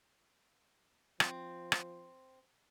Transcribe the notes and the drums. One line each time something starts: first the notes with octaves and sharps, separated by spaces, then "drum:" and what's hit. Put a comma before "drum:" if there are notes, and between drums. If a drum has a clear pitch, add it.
F3 C4, drum: rim click
drum: rim click